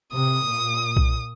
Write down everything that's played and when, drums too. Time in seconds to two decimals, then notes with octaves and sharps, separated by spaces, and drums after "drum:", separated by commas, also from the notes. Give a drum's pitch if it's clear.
0.13 C3 D#6
0.46 A#2
0.97 drum: kick B1